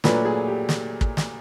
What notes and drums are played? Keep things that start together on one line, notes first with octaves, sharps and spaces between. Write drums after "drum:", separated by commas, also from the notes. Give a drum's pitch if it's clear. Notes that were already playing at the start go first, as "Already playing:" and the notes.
A#2 F#3 A3 D4 B4, drum: snare
G#4
G4
drum: snare
drum: kick
drum: snare